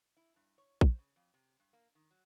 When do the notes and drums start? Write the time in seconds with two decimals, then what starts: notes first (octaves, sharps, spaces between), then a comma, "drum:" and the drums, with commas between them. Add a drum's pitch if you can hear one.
0.17 E4
0.36 G2
0.58 C#5
0.81 C5, drum: kick
0.98 C#3
1.16 F2
1.34 C3
1.60 G2
1.73 A#3
1.95 D#3
2.11 F#3